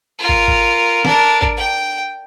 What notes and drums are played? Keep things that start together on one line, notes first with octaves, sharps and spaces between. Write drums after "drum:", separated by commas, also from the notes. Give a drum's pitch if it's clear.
F4 A#4
drum: kick
drum: kick
D4 A#4, drum: snare
drum: kick
G5